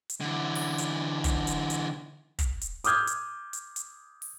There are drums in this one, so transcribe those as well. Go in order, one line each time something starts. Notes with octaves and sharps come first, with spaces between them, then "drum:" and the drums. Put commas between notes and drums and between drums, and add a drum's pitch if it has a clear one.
drum: hi-hat
D3 E3
drum: open hi-hat
drum: hi-hat
drum: kick, hi-hat
drum: hi-hat
drum: hi-hat
drum: kick, hi-hat
drum: hi-hat
D6 D#6 F6 G6 G#6, drum: hi-hat
drum: hi-hat
drum: hi-hat
drum: hi-hat
drum: open hi-hat